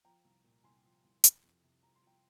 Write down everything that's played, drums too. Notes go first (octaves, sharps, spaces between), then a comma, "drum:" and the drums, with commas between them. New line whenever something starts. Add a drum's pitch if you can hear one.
F3 G5 A#5
C2
A#2
C2 G#5 C6
F3
C2
F3, drum: hi-hat
F2
C3
F2 A#5
C6
F3 G5 A#5